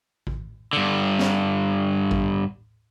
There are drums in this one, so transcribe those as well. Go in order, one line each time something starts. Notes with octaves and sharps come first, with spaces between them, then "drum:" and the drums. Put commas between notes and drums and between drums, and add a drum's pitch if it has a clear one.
drum: kick A1
G2 D3
drum: snare
drum: kick A1